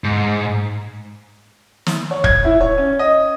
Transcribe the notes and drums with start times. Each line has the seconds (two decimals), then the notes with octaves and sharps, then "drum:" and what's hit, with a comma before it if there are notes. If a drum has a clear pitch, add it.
0.04 G#2
1.87 drum: snare
2.11 C#5
2.24 G#6, drum: kick
2.45 E4
2.61 C#5
2.78 C#4
2.99 D#5